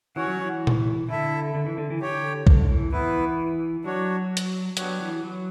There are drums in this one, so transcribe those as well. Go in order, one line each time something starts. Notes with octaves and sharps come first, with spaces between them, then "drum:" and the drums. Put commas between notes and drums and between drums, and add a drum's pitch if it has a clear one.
E3 C#4 F#4 C#5 F#5
F#3
E3
drum: tom A#2
D3 E4 A4 E5
D3
E3
D3
E3
D3 G4 C#5 G5
D3, drum: kick B1
E3
E3 B3 E4 B4
F#3 D4 F#4 C#5
drum: hi-hat
F#3 B3 D4 G4 C#5 F#5, drum: hi-hat
E3
F#3